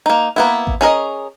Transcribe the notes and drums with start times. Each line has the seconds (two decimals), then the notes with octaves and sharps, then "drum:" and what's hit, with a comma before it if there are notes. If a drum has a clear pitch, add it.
0.06 A#3 D#4
0.36 A#3 B3 E4
0.67 drum: kick A1
0.81 C#4 G#4 A#4 D#5